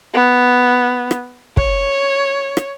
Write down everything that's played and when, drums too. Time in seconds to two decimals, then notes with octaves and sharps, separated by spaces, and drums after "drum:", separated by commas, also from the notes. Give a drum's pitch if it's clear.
0.13 B3
1.11 drum: rim click
1.57 C#5, drum: kick
2.57 drum: rim click